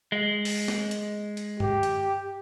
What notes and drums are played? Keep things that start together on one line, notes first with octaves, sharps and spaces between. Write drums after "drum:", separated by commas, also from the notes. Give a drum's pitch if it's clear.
G#3
drum: open hi-hat
drum: snare
drum: hi-hat
drum: hi-hat
G4, drum: tom G2
drum: hi-hat